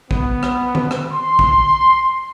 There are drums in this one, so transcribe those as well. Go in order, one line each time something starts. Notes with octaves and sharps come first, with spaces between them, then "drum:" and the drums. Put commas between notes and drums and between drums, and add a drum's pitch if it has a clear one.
B3, drum: kick
drum: rim click
drum: tom D#3
drum: rim click
C6
drum: kick